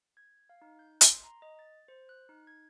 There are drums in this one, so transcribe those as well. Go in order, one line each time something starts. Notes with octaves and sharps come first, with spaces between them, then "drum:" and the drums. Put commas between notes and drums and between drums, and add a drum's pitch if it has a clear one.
G#6
F5
D#4
G6
C6, drum: hi-hat
A#5
D#5
A6
C5
F#6
D#4
G#6